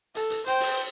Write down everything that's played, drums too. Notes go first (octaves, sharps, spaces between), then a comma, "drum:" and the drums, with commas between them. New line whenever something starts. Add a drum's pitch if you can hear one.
A4, drum: hi-hat
drum: hi-hat
C5 G5, drum: hi-hat
drum: open hi-hat